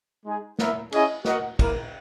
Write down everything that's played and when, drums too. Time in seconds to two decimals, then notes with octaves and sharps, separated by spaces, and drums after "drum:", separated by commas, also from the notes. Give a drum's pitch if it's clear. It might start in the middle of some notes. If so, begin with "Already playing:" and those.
0.25 G#3 D#4 G#4
0.59 B3 E4 A#4 E5, drum: snare
0.92 C#4 E4 G#4 D#5, drum: cymbal
1.25 F#4 A#4 D#5 F#5, drum: snare
1.59 A#3 E4 A#4, drum: kick, cymbal